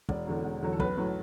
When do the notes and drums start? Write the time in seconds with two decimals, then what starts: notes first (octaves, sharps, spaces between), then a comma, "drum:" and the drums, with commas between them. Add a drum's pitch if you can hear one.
0.09 E1 D5, drum: kick
0.27 E2 D3 F#3
0.45 E1
0.62 E2 D3 F#3
0.73 A4
0.80 B1 B4, drum: kick
0.98 A2 F#3